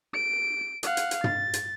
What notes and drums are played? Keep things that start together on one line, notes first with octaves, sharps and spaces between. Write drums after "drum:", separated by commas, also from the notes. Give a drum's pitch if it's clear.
D7
F5 F#5, drum: hi-hat
drum: hi-hat
drum: hi-hat
A6, drum: tom
drum: hi-hat